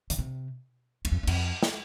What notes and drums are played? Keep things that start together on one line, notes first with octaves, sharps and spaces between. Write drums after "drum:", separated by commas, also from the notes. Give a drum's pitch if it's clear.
D3, drum: hi-hat
C3
E2, drum: cymbal
F2
E2
F2, drum: cymbal
drum: snare